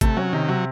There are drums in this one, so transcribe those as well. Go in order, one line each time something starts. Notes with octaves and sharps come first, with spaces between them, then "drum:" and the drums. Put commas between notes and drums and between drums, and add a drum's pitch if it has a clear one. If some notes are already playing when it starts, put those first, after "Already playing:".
C3 A3, drum: kick, hi-hat
F#3 C#4
C3 D#3
C3 F#3